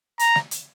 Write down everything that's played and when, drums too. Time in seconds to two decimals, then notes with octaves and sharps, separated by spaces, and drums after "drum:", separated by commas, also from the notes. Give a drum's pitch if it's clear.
0.19 A#5, drum: hi-hat
0.35 drum: snare
0.51 drum: hi-hat